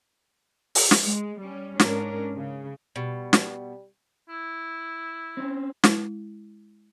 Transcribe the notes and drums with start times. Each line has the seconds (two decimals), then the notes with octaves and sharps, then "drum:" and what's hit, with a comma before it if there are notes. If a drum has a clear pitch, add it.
0.75 drum: open hi-hat
0.91 drum: snare
1.01 G#3
1.41 G3 C#4
1.80 G#2 C#4 D4 A#4, drum: snare
2.35 C#3
2.96 B2 G3
3.33 drum: snare
4.29 E4
5.37 C4 C#4
5.84 G#3 E4, drum: snare